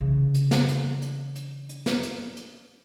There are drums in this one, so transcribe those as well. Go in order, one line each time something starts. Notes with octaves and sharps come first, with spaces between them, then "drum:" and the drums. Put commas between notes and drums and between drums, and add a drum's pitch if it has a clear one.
C#3 E3
drum: hi-hat
drum: snare
drum: hi-hat
drum: hi-hat
drum: hi-hat
drum: hi-hat
drum: snare
drum: hi-hat
drum: hi-hat